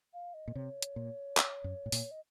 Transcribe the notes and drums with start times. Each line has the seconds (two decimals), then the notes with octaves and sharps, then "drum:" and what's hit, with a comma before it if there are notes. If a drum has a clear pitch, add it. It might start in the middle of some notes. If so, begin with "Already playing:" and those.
0.14 F5
0.34 D#5
0.48 A#2
0.55 C3 C#5
0.82 drum: hi-hat
0.96 A#2
1.37 drum: clap
1.64 F#2
1.86 A2
1.92 A#2, drum: open hi-hat
2.11 D#5